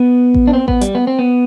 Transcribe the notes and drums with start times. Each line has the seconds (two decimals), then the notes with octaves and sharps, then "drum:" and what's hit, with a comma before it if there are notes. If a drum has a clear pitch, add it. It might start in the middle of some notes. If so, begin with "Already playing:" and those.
Already playing: B3
0.34 drum: kick A1
0.47 D4
0.53 C4
0.68 B3, drum: kick A1
0.81 G3, drum: hi-hat
0.95 B3
1.07 C4
1.19 B3